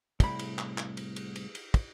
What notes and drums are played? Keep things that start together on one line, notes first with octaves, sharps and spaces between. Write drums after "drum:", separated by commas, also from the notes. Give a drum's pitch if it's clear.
C2 A2 B5, drum: kick, cymbal
drum: cymbal
drum: clap
drum: clap
drum: cymbal
drum: cymbal
drum: cymbal
drum: cymbal
drum: kick, cymbal